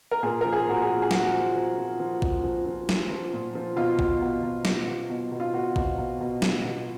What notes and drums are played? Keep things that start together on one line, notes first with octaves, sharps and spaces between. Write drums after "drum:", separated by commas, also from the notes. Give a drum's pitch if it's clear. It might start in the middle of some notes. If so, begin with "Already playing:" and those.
A#4
A#2 G#4
F3 A#4
G#4
A#2 F#4
G#4
A#2
G#4
F3 F#4, drum: snare
F3
F3
F3
F3
F3, drum: kick A#1
F3
F3
F3, drum: snare
F3
A#2
F3
B2 F4
B2, drum: kick A#1
B2
B2
B2, drum: snare
B2
B2
B2
F4
B2 F#4
B2, drum: kick A#1
B2
B2
B2, drum: snare
B2